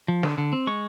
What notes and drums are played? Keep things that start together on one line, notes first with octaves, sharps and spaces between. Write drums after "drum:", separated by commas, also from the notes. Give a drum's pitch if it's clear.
F3
D3, drum: snare
D3
C4
G#3 C#6